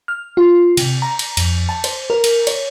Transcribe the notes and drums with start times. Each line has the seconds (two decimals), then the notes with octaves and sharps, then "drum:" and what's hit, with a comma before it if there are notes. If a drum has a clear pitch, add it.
0.08 F6
0.37 F4
0.77 C3, drum: cymbal
1.02 A#5
1.19 drum: cymbal
1.37 F2, drum: cymbal
1.69 A5
1.84 C5, drum: cymbal
2.10 A#4
2.24 drum: cymbal
2.47 C#5, drum: cymbal